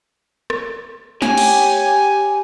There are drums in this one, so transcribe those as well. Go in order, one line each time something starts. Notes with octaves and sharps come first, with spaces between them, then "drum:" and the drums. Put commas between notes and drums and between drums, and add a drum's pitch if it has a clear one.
drum: rim click
G4 C#5 G#5, drum: snare
drum: cymbal